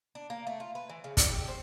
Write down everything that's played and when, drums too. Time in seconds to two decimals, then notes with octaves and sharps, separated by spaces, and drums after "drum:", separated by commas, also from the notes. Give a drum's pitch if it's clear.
0.15 D4
0.30 A#3
0.47 A3
0.60 F4
0.75 B4
0.89 E3
1.04 C#3
1.17 D5, drum: kick, hi-hat
1.32 G4
1.48 C5